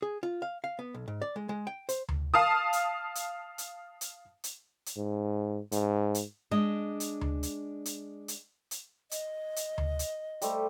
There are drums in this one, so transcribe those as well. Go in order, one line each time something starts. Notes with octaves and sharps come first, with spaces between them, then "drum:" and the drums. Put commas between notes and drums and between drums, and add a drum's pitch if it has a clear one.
G#4
F4
F5
F5
B3
B1
G#2
D5
G#3
G#3
G5
C5, drum: hi-hat
drum: tom D2
F5 A5 D#6
drum: hi-hat
drum: hi-hat
drum: hi-hat
drum: hi-hat
drum: hi-hat
drum: hi-hat
G#2
G#2, drum: hi-hat
drum: hi-hat
G#3 D4 D#5
drum: hi-hat
drum: tom D2
drum: hi-hat
drum: hi-hat
drum: hi-hat
drum: hi-hat
D#5, drum: hi-hat
drum: hi-hat
drum: tom D2
drum: hi-hat
G3 A3 C5, drum: hi-hat